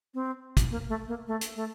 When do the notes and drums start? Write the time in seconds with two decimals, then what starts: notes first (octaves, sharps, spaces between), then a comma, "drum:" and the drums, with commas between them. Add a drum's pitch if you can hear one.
0.14 C4
0.57 drum: kick, hi-hat
0.71 A#3
0.89 A3
1.08 A#3
1.27 A3
1.41 drum: hi-hat
1.56 A3